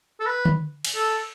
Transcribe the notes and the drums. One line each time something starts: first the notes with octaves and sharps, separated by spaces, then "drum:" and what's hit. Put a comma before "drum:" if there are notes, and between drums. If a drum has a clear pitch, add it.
A4
B4
drum: tom D3
drum: cymbal
A4